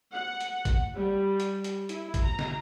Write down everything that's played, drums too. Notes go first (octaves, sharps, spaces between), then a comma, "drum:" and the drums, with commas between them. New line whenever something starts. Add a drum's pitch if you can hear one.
F#5
drum: hi-hat
drum: kick A1, hi-hat
G3
drum: hi-hat
drum: hi-hat
E4, drum: hi-hat
drum: kick A1, hi-hat
A#5
drum: snare